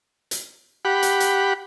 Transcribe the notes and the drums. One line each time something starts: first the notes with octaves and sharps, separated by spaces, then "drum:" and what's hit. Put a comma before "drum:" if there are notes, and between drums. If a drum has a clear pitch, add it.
drum: hi-hat
G4 F#5 B5
drum: hi-hat
drum: hi-hat